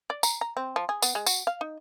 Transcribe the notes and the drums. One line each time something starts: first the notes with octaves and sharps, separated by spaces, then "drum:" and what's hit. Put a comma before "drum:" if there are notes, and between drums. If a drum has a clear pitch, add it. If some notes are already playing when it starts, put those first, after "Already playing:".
D5
A#5, drum: tambourine
A#5
C4
F3
G#4
B3, drum: tambourine
G#3
F#4, drum: tambourine
F5
D#4